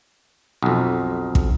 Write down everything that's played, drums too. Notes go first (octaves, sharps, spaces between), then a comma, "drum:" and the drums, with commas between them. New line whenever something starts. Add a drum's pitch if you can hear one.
B1 F2
drum: kick